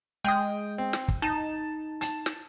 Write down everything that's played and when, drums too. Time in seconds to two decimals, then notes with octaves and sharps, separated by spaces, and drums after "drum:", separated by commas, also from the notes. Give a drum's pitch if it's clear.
0.24 G#3 G5 D#6
0.78 C4
0.93 drum: snare
1.08 drum: kick
1.22 D#4 A5
2.01 A5, drum: hi-hat
2.26 drum: snare